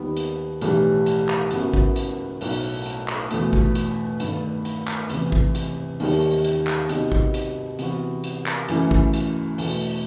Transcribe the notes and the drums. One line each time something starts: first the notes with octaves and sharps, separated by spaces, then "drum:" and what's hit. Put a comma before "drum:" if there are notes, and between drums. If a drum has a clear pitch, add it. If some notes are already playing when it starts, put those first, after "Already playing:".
Already playing: D#2 D#3 G3 B3
drum: hi-hat
B1 A2 E3 G3, drum: hi-hat
drum: hi-hat
drum: clap
F#1 F#2 F#3 B3 F#4, drum: hi-hat
drum: kick
drum: hi-hat
B1 A2 F#3 A3, drum: open hi-hat
drum: hi-hat
drum: clap
E2 B2 A3, drum: hi-hat
drum: kick
drum: hi-hat
G2 D#3 A3, drum: hi-hat
drum: hi-hat
drum: clap
E2 C3 E3, drum: hi-hat
drum: kick
drum: hi-hat
D#2 D#3 G3, drum: open hi-hat
drum: hi-hat
drum: clap
C3 F#3 B3 D#4 G4, drum: hi-hat
drum: kick
drum: hi-hat
C3 E3 B3 F#4, drum: hi-hat
drum: hi-hat
drum: clap
F#2 E3 A3 E4, drum: hi-hat
drum: kick
drum: hi-hat
E2 B2 A3, drum: open hi-hat